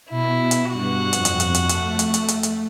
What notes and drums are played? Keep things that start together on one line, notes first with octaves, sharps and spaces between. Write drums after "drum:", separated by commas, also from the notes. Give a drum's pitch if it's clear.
B2 E4
drum: hi-hat
G2 F#4 F#5
F2, drum: hi-hat
drum: hi-hat
drum: hi-hat
drum: hi-hat
A3, drum: hi-hat
drum: hi-hat
drum: hi-hat
drum: hi-hat
drum: hi-hat